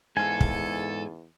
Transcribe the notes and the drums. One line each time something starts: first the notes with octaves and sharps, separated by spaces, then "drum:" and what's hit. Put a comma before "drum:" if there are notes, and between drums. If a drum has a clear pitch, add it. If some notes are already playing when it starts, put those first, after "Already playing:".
E2 G#2 F4 A4 G#5
drum: kick